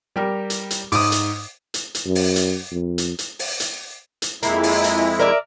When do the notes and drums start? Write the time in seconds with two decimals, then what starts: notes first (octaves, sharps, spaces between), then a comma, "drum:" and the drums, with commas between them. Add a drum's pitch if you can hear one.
0.16 G3 G4 A#4
0.50 drum: hi-hat
0.71 drum: hi-hat
0.92 G#2 D6 D#6, drum: open hi-hat
1.12 drum: hi-hat
1.74 drum: hi-hat
1.95 drum: hi-hat
2.06 F#2
2.15 drum: open hi-hat
2.36 drum: hi-hat
2.72 F2
2.98 drum: hi-hat
3.19 drum: hi-hat
3.39 drum: open hi-hat
3.60 drum: hi-hat
4.22 drum: hi-hat
4.43 F2 G#3 A#3 E4, drum: hi-hat
4.63 drum: open hi-hat
4.84 drum: hi-hat
5.19 A#4 D5 E5